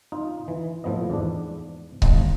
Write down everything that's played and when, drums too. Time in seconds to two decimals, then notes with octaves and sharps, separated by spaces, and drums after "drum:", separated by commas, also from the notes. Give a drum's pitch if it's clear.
0.12 D#4 F4
0.48 E3
0.84 A2 F3 B3 D#5
1.10 E2 G#2 D4
2.02 G1 D#2 D#5 A5 A#5, drum: kick C#1